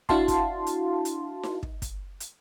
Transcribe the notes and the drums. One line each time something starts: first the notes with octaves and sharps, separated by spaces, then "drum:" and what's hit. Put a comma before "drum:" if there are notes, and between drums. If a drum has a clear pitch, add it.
D4 E4 F#4 F5 A5 C6, drum: kick
drum: kick, hi-hat
drum: hi-hat
drum: hi-hat
drum: snare D#4
drum: kick
drum: kick, hi-hat
drum: hi-hat